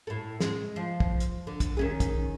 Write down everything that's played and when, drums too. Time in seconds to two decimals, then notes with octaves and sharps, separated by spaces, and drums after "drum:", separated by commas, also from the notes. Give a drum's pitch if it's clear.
0.07 A2 A4
0.40 G#3, drum: snare
0.76 F3
1.00 drum: kick
1.20 drum: hi-hat
1.47 D3
1.60 drum: kick, hi-hat
1.77 D#3 C#4 G#4
2.00 drum: kick, hi-hat